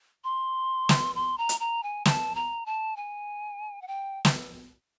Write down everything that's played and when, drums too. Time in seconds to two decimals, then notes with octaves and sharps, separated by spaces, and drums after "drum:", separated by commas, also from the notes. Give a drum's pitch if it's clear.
0.24 C6
0.89 drum: snare
1.15 C6
1.38 A#5
1.49 drum: hi-hat
1.60 A#5
1.83 G#5
2.05 A5, drum: snare
2.35 A#5
2.66 A5
2.96 G#5
3.82 F#5
3.88 G5
4.25 drum: snare